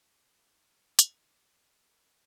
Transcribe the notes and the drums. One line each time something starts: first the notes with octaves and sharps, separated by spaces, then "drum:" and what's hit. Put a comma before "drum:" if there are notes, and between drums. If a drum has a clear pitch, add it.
D5
D#4
D5 F5
D#4
D#4
D#4
D#4, drum: hi-hat
D#4
D5
D#4
D#4
D#5
A#4
A#4